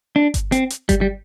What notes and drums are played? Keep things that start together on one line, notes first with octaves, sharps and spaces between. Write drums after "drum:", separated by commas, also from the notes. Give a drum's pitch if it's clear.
D4
drum: kick G1, hi-hat
C4, drum: hi-hat
drum: hi-hat
G3, drum: kick G1, hi-hat
G3